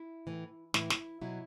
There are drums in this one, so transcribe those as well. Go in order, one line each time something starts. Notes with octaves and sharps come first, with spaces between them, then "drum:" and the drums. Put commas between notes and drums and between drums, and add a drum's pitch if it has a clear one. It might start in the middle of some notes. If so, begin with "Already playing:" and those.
Already playing: E4
A2 E3
A2 E3 E4, drum: snare
drum: snare
B2 F#3 E4